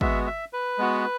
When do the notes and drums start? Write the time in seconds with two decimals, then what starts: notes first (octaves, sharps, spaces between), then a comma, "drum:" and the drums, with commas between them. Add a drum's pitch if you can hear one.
0.01 G#3 B3 F#4 E5, drum: kick
0.27 E5
0.53 B4
0.78 G#3 B3 F#4